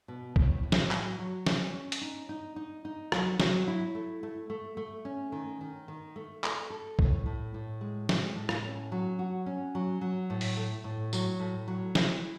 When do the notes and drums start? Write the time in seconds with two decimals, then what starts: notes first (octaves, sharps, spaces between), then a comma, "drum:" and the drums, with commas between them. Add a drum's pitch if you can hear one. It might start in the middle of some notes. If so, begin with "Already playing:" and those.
0.08 B2
0.36 A2, drum: kick B1
0.63 A2
0.72 drum: snare
0.91 F#3, drum: clap
1.19 F#3
1.47 C#4, drum: snare
1.74 C#4
1.92 drum: hi-hat
2.01 D#4
2.29 D#4
2.56 D#4
2.85 D#4
3.12 F#3, drum: rim click
3.40 F#3, drum: snare
3.68 E4
3.95 A3
4.23 A3
4.50 A3
4.77 A3
5.05 C#4
5.32 D#3
5.61 D#3
5.88 D#3
6.16 A3
6.44 A4, drum: clap
6.70 A4
6.99 A2, drum: kick B1
7.26 A2
7.54 A2
7.81 G#3
8.09 G#3, drum: snare
8.36 A2
8.49 drum: rim click
8.64 C#4
8.92 F#3
9.19 F#4
9.46 C#4
9.75 F#3
10.01 F#3
10.30 A2
10.41 drum: open hi-hat
10.57 A3
10.84 A2
11.13 F#3, drum: tambourine
11.40 A2
11.68 F#3
11.95 E4, drum: snare